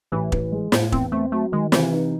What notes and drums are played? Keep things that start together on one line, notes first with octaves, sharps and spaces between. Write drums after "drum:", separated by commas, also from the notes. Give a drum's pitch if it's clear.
A1 E3
A1, drum: kick
G#3
A2, drum: snare
E2 C4, drum: kick
A3 C4
F#3 A3
D#3 G#3
C3 E3, drum: snare
D#4